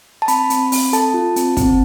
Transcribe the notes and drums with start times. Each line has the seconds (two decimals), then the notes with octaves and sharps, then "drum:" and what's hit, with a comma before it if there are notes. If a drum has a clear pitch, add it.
0.22 A5
0.28 C4 B5, drum: hi-hat
0.50 C4, drum: hi-hat
0.72 C4, drum: open hi-hat
0.93 A4 A5, drum: hi-hat
1.14 F4
1.36 C4, drum: hi-hat
1.57 C4, drum: kick, hi-hat